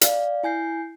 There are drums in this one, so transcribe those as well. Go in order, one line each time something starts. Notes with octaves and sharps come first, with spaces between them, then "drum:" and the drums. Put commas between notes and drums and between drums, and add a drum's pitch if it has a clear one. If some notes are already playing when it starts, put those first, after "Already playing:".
D5 F5, drum: hi-hat
E4 G#5 G6 C7